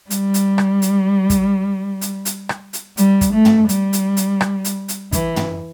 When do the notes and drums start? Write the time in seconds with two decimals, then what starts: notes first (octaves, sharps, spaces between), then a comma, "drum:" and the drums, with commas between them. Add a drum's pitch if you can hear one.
0.10 G3, drum: hi-hat
0.34 drum: hi-hat
0.58 drum: rim click
0.82 drum: hi-hat
1.30 drum: kick, hi-hat
2.01 drum: hi-hat
2.25 drum: hi-hat
2.49 drum: rim click
2.73 drum: hi-hat
2.97 G3, drum: hi-hat
3.21 drum: kick, hi-hat
3.33 A3
3.45 drum: tom
3.69 G3, drum: hi-hat
3.93 drum: hi-hat
4.17 drum: hi-hat
4.41 drum: rim click
4.65 drum: hi-hat
4.88 drum: hi-hat
5.12 E3, drum: kick, hi-hat
5.36 drum: tom